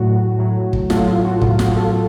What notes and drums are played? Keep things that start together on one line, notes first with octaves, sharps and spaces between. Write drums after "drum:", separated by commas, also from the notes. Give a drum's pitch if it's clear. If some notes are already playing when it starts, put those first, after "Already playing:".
Already playing: A2 F#3 F#4
A2 F#3
drum: kick
A2 F#3 F4 A4, drum: snare
F4
F#4
A2 F#3 F4, drum: kick
F#4, drum: snare
F4 A4